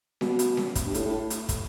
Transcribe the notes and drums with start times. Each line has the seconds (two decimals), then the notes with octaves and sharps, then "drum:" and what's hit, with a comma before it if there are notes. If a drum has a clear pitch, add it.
0.21 B2, drum: snare C#4
0.39 drum: hi-hat
0.57 drum: snare C#4
0.75 drum: kick, hi-hat
0.86 G2
0.94 A2, drum: hi-hat
1.05 A2
1.30 drum: hi-hat
1.49 drum: kick, hi-hat